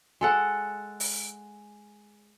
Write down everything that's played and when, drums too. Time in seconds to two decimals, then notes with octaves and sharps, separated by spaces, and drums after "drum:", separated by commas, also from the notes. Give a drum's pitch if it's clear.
0.21 G#3 A4 F#5
1.00 drum: open hi-hat